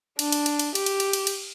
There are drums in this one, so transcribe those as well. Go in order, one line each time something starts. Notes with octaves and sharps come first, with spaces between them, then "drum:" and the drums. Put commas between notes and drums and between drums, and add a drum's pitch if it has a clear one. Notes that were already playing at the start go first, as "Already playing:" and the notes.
D4, drum: cymbal
drum: cymbal
drum: cymbal
drum: cymbal
G4, drum: cymbal
drum: cymbal
drum: cymbal
drum: cymbal
drum: cymbal